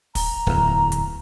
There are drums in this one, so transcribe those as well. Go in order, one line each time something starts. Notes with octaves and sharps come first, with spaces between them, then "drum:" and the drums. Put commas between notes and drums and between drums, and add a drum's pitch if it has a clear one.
A#5, drum: kick, open hi-hat
D1 E2
drum: hi-hat